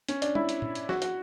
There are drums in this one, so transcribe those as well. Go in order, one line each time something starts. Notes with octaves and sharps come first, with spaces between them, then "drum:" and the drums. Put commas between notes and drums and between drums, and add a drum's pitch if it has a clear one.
C#4, drum: hi-hat
D4, drum: hi-hat
E4, drum: tom
drum: hi-hat
drum: tom
drum: hi-hat
F#4, drum: snare
F#4, drum: hi-hat